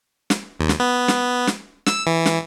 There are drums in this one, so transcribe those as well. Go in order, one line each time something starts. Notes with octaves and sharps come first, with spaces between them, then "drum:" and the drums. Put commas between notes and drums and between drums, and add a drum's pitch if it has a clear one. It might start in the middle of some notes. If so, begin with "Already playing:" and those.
drum: snare
D#2
drum: snare
B3
drum: snare
drum: snare
E6, drum: snare
E3
drum: snare